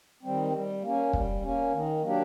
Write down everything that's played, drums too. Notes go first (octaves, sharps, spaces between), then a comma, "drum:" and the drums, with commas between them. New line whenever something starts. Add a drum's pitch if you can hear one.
D#3 G3 C4
G3
A#3 C#4
G3, drum: kick
A#3 C#4
D#3
F#3 A#3 D4 G4